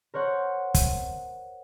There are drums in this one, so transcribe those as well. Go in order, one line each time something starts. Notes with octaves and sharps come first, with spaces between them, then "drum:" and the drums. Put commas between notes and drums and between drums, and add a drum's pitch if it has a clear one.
A#4 C5 C#5 F#5
drum: kick, hi-hat